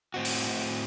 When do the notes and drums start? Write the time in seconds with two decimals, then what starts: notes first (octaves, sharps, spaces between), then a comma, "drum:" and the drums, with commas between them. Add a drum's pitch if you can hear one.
0.14 A2 C4 F#4
0.25 drum: open hi-hat